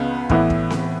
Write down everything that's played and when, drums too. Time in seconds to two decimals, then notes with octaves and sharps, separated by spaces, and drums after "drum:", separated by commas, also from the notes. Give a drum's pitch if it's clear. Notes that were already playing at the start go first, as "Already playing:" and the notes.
Already playing: C#2 C#3 B3
0.30 A2 E3 B3 E4, drum: kick
0.50 drum: kick
0.70 drum: snare C4